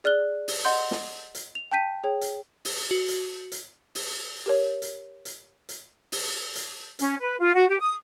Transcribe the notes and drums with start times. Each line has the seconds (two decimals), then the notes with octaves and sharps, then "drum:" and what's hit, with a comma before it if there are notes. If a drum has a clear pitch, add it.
0.04 G#4 D5 F6 F#6 G7
0.48 drum: open hi-hat
0.65 D#5 F#5 C6 G6
0.91 drum: snare
1.35 drum: hi-hat
1.55 F7
1.71 G5 A5 G6 B6 D#7
2.04 G#4 C#5 G5
2.21 drum: hi-hat
2.65 drum: open hi-hat
2.91 F#4
3.08 drum: hi-hat
3.52 drum: hi-hat
3.95 drum: open hi-hat
4.46 G4 A#4 C#5
4.82 drum: hi-hat
5.25 drum: hi-hat
5.69 drum: hi-hat
6.12 drum: open hi-hat
6.55 drum: hi-hat
6.99 C#4, drum: hi-hat
7.21 B4
7.39 F4
7.55 F#4
7.68 G4
7.80 D#6